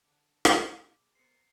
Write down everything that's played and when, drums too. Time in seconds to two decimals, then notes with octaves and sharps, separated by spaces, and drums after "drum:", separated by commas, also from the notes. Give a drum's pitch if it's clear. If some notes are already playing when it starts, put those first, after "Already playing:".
0.04 D3 A4
0.45 drum: rim click
0.73 B2 G4 G#4
1.15 B3 A#4 C5 C7 C#7